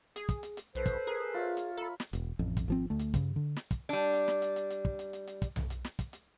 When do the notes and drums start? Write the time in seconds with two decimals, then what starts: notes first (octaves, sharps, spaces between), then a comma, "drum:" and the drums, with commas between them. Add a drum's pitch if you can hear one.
0.16 G#4, drum: hi-hat
0.29 drum: kick, hi-hat
0.43 drum: hi-hat
0.57 drum: hi-hat
0.75 B1 A4 B4 C5
0.86 drum: kick, hi-hat
1.07 G#4 A#4
1.34 F4 C#5 E5
1.57 drum: hi-hat
1.77 A4 A#5 B5
2.00 drum: snare
2.13 E1, drum: hi-hat
2.39 A1 F2
2.57 drum: kick, hi-hat
2.68 G#1 F3 C4
2.90 D2 A3
2.99 drum: hi-hat
3.14 G2 C#3, drum: kick, hi-hat
3.36 D3
3.56 drum: snare
3.71 drum: kick, hi-hat
3.89 G3 D4
4.13 drum: hi-hat
4.28 drum: snare
4.42 drum: hi-hat
4.56 drum: hi-hat
4.70 drum: hi-hat
4.85 drum: kick
4.99 drum: hi-hat
5.13 drum: hi-hat
5.27 drum: hi-hat
5.42 drum: kick, hi-hat
5.56 drum: tom B1
5.70 drum: hi-hat
5.84 drum: snare
5.99 drum: kick, hi-hat
6.13 drum: hi-hat